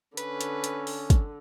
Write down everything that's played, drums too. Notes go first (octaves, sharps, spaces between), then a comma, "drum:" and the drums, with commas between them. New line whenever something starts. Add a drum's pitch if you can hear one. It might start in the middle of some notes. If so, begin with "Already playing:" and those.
D3 C#4 B4, drum: hi-hat
drum: hi-hat
drum: hi-hat
drum: open hi-hat
drum: kick, hi-hat